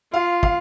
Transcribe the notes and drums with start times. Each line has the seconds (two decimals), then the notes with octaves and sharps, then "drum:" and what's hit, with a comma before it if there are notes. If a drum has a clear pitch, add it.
0.13 F4 F5
0.43 F5, drum: kick